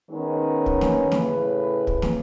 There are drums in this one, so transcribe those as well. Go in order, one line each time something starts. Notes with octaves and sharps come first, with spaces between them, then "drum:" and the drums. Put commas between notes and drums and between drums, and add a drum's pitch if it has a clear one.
D#3 G#3 B3 C#4
drum: kick
drum: snare
A2 C#3 B4, drum: snare
drum: kick
drum: snare